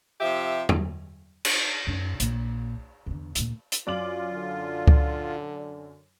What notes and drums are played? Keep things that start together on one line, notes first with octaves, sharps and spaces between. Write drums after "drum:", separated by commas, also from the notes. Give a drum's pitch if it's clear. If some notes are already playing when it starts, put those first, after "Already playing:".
C3 F3 G4 E5
drum: tom E2
drum: cymbal
F#2 D#4
A#1, drum: hi-hat
E2 D3
D2 A#2, drum: hi-hat
drum: hi-hat
F#2 F4 D5 D6 F#7
D3
drum: kick C#2